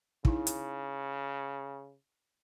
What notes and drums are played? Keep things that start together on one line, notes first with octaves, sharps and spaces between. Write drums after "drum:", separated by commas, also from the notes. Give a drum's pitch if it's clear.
C#3 D#4 E4, drum: kick
drum: hi-hat